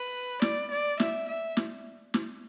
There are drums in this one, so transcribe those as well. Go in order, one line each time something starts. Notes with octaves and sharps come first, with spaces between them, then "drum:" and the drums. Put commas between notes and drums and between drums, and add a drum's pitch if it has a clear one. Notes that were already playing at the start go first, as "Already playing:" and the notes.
Already playing: B4
D5, drum: snare
D5
E5, drum: snare
E5
drum: snare
drum: snare